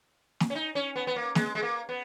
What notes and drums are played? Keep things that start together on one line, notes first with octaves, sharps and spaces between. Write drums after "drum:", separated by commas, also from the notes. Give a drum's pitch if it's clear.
drum: snare
C#4
D#4
C#4
B3
B3
A#3
G#3, drum: snare
G#3
A#3
B3